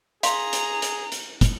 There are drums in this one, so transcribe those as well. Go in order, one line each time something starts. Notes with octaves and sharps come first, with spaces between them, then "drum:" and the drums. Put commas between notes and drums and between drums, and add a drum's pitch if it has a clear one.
G#4 F5 A#5 C6, drum: hi-hat
drum: hi-hat
drum: hi-hat
drum: hi-hat
drum: kick, hi-hat